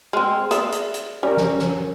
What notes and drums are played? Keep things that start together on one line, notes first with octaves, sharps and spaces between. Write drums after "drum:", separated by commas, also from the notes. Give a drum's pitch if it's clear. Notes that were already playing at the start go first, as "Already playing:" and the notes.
G#3 C4 F6
G#4 D5 E5, drum: hi-hat
drum: hi-hat
drum: hi-hat
G3 C#4 A#4
drum: snare
drum: snare